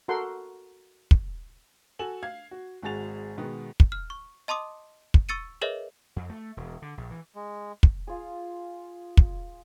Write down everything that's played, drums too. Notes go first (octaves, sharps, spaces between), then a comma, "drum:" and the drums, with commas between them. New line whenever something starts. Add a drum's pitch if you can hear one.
F#4 A4 A#4 F#5 C6
drum: kick
F#4 A4 G#5 E7 F#7
F5 G#6 C7
F#4
G#1 G#3 F#4 G#4 A6 F7
B2 D#3 G#3 B3
drum: kick
F6
C#6
D#5 A5 C6 D6 D#6
drum: kick
C#6 E6 A6 C#7 D#7
G#4 A#4 B4 C#5 D#5 E5
F2
A3
E1
D3
A#1
E3
G#3
drum: kick
F4 G#4
drum: kick